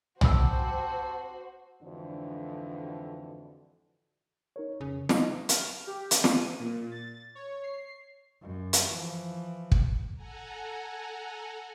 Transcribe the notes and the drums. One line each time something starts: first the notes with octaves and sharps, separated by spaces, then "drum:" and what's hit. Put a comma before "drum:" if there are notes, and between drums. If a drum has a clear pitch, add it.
C4 F#4 G4 C5 G#5 A5 B5 E6, drum: tom
F2 G#2 D3 E3 D4 F#4
D#4 A#4 C#5
F2 C#3
F#3 G3 D#4, drum: snare
F6, drum: hi-hat
G4
drum: hi-hat
D#7, drum: snare
A#2
A6
C#5
C7
F#2
drum: hi-hat
E3 F3
drum: kick
A4 F#5 G#5 A#5